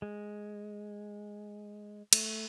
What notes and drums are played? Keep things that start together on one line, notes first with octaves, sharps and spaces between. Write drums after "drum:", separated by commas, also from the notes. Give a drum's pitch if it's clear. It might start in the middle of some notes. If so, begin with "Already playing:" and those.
G#3
A3, drum: cymbal